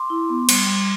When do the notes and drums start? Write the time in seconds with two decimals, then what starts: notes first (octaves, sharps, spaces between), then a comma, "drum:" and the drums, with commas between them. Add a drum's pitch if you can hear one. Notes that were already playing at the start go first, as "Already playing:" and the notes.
Already playing: C6 D6
0.10 E4
0.29 B3
0.49 G3, drum: cymbal
0.66 G3